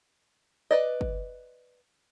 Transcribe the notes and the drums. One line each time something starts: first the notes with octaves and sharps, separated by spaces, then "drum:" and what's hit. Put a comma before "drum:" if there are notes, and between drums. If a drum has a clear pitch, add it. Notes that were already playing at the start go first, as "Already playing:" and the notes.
B4 D5 D#5
drum: kick G1